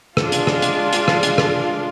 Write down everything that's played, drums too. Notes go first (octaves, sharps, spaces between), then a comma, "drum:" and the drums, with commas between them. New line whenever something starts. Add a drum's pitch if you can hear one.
G#3 D4 F4, drum: rim click
drum: hi-hat
drum: rim click
drum: hi-hat
drum: hi-hat
drum: rim click
drum: hi-hat
drum: rim click